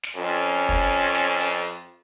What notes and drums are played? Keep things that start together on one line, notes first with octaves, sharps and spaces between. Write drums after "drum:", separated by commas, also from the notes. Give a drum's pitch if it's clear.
drum: snare
F2 C#4
drum: kick
drum: snare
drum: open hi-hat